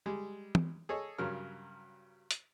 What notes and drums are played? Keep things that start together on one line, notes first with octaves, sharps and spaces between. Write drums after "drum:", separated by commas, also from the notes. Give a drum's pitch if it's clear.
G3 G#3
drum: tom
G#4 A4 C#5 D#5
G2 C#3 F#3 A#4 F6
drum: hi-hat